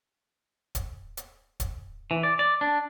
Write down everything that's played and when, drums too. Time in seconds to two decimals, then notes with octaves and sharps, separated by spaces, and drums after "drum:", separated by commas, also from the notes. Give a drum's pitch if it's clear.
0.75 drum: kick D1, hi-hat
1.17 drum: hi-hat
1.60 drum: kick D1, hi-hat
2.11 E3
2.23 D5
2.39 D5
2.61 D4